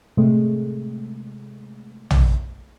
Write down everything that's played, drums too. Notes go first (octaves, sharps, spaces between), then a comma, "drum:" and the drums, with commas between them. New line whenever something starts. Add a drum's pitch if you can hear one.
A2 C3 G#3 A3
drum: tom